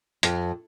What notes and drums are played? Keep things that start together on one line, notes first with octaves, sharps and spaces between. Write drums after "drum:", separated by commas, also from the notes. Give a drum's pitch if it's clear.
F2, drum: hi-hat